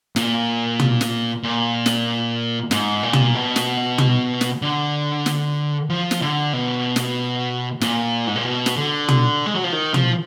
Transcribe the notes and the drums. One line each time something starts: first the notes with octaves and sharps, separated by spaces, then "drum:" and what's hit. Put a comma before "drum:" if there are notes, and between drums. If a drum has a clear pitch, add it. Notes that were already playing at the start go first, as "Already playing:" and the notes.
A#2, drum: snare
drum: tom
drum: snare
A#2
drum: snare
G#2, drum: snare
A#2
drum: tom
B2
drum: snare
drum: tom
drum: snare
D3
drum: snare
F3
drum: snare
D3
B2
drum: snare
A#2, drum: snare
G#2
A#2
B2
drum: snare
D3
drum: tom
G#3
F#3
F3
D#3
F3, drum: tom